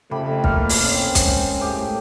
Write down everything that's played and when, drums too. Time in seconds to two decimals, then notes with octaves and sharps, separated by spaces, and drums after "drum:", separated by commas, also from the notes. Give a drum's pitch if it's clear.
0.11 F2 C#3 A3 G4 B5
0.44 B2 A#3 A4 A#4 C5 F5, drum: kick
0.69 drum: open hi-hat
0.83 C4 C#4
1.15 drum: kick, hi-hat
1.26 G#3
1.61 A2 G4 G#4